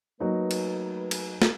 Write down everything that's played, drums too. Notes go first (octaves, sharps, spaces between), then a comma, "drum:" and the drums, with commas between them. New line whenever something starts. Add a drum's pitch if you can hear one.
F#3 A3 A#3 D#4 B4
drum: cymbal
drum: cymbal
drum: snare